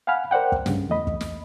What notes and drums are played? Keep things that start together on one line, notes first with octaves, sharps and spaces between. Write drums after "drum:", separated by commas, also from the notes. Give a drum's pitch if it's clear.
F5 F#5 G#5 B5 F6
A#4 C5 D5 F#5 G5
drum: kick
G2 C#3, drum: snare
E2 A3 D#5 B5
drum: kick
drum: snare